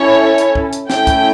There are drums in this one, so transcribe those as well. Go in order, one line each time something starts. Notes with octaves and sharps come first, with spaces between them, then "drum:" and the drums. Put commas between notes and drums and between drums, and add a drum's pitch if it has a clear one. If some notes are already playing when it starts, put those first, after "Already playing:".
Already playing: C#4 E4 A4 C#5
drum: hi-hat
drum: kick
drum: hi-hat
A3 C#4 E4 A4 G5, drum: snare
drum: kick, hi-hat